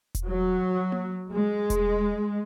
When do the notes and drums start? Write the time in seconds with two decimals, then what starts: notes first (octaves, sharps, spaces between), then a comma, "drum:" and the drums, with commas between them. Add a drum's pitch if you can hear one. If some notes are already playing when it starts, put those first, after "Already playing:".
0.15 drum: kick E1, hi-hat
0.26 F#3
0.92 drum: tom A#3
1.31 G#3
1.70 drum: kick E1, hi-hat